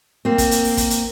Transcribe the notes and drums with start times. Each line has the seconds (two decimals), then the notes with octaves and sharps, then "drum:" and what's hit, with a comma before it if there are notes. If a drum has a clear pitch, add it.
0.25 A#3 C4
0.38 drum: kick, hi-hat
0.51 drum: hi-hat
0.64 drum: open hi-hat
0.77 drum: kick, hi-hat
0.90 drum: hi-hat